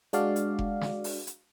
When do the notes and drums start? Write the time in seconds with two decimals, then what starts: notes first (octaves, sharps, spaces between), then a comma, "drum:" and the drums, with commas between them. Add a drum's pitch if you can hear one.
0.13 G#3 D4 F#4 D5 F5, drum: hi-hat
0.36 drum: hi-hat
0.59 drum: kick F1
0.81 drum: snare
1.04 drum: open hi-hat
1.27 drum: hi-hat